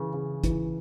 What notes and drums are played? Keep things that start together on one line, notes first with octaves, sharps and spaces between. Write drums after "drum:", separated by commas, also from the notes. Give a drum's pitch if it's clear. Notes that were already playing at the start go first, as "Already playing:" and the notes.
Already playing: C#3 E3
C#3
E3, drum: kick, hi-hat